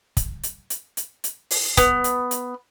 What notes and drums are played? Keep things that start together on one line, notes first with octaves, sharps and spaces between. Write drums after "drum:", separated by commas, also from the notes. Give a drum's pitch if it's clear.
drum: kick, hi-hat
drum: hi-hat
drum: hi-hat
drum: hi-hat
drum: hi-hat
drum: open hi-hat
B3, drum: kick, hi-hat
drum: hi-hat
drum: hi-hat